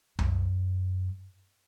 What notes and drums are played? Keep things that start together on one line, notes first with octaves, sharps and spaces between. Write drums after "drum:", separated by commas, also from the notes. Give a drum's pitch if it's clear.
F#2, drum: tom C2